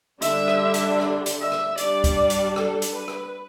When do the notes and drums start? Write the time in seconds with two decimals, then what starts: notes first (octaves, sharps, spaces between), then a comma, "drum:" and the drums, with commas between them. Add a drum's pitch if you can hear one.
0.22 D3 G3 D4 E5, drum: hi-hat
0.48 drum: rim click
0.74 drum: hi-hat
1.00 drum: rim click
1.26 drum: hi-hat
1.39 E5
1.52 drum: rim click
1.78 G3 D4 D5, drum: hi-hat
2.04 drum: kick C#2, hi-hat
2.30 drum: hi-hat
2.56 A4, drum: rim click
2.82 drum: hi-hat
2.95 B4
3.08 drum: rim click